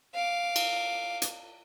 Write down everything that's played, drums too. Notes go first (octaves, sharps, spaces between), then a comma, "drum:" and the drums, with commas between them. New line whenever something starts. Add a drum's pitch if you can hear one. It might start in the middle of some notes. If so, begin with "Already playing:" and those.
F5 D6
drum: cymbal
drum: hi-hat